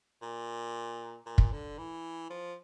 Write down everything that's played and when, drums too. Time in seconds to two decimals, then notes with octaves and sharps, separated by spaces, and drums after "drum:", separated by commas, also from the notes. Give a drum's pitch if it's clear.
0.22 A#2
1.26 A#2
1.38 drum: kick
1.52 D3
1.78 E3
2.30 F3